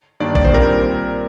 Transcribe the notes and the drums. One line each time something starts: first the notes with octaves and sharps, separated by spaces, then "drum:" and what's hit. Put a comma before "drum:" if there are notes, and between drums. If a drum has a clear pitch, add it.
G2 D#3 A#3 D4 D5
D5, drum: kick
C5
A#2 G3 C4 A#4